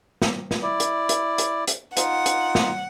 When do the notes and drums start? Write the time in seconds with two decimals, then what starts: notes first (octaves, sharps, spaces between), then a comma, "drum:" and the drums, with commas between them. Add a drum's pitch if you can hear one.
0.22 drum: snare
0.51 drum: snare
0.62 E4 D5
0.80 drum: hi-hat
1.09 drum: hi-hat
1.38 drum: hi-hat
1.67 drum: hi-hat
1.97 D#4 F4 F#5, drum: hi-hat
2.26 drum: hi-hat
2.55 drum: snare